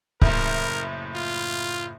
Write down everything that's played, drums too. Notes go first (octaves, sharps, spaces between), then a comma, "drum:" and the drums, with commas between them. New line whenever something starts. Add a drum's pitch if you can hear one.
F#1 A2 A#4, drum: kick C#1
F4